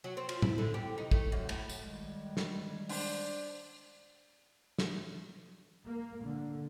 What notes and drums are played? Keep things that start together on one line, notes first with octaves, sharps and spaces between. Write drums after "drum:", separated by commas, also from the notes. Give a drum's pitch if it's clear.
F#3
C4
F4, drum: cymbal
E4, drum: tom A2
D3
G4
D#4
A3, drum: kick
F#2
A2, drum: cymbal
drum: tambourine
D#3 G3 G#3
drum: snare
D4 C5, drum: open hi-hat
drum: snare
A#3
D3